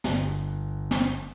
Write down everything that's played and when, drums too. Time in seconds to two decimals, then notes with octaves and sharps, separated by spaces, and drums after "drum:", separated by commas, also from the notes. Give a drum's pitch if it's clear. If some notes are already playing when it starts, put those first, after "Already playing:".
0.04 G1, drum: snare
0.91 drum: snare